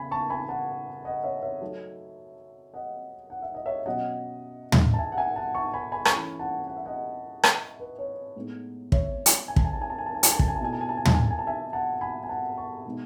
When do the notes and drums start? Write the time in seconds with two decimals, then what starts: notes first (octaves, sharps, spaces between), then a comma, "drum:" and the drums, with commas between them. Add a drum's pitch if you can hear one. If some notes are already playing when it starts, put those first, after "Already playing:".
Already playing: C#3 B3 G#5 B5
0.11 A5 C#6
0.30 G#5 B5
0.49 F#5 A5
1.05 D#5 F#5
1.24 C#5 E5
1.43 C#5 E5
1.61 F#3 A3 D#4
2.74 D#5 F#5
3.30 F#5
3.42 E5
3.55 D#5
3.66 C#5 E5
3.86 B2 F#3 C#4 D#5 F#5
4.72 drum: tom
4.94 A5
4.98 E5 G#5
5.12 F#5
5.17 E5 G#5
5.36 F#5 A5
5.55 A5 C#6
5.74 G#5 B5
5.92 G#5 B5
6.05 C#6, drum: rim click
6.11 E3 A3 C#4 E4 G#5 B5
6.39 F#5 A5
6.67 F#5
6.77 E5
6.85 D#5 F#5
7.43 drum: rim click
7.80 B4
7.99 C#5
8.36 A2 G#3 B3 D#4
8.92 C#5 E5, drum: kick
9.26 drum: hi-hat
9.48 G#5
9.56 A5, drum: kick
9.65 G#5
9.73 A5
9.82 G#5
9.90 A5
9.98 G#5
10.06 A5
10.14 G#5
10.23 A5, drum: hi-hat
10.31 G#5
10.39 A5, drum: kick
10.48 G#5
10.56 A5
10.61 B2 A3 E4 G#5
10.73 A5
10.81 G#5
10.89 A5
10.97 G#5
11.05 A5, drum: tom
11.14 G#5
11.22 A5
11.31 G#5
11.39 A5
11.47 E5 G#5
11.73 F#5 A5
12.01 G#5 B5
12.23 G#5
12.29 F#5 A5
12.57 A5 C#6
12.85 B2 G#3 B3 D#4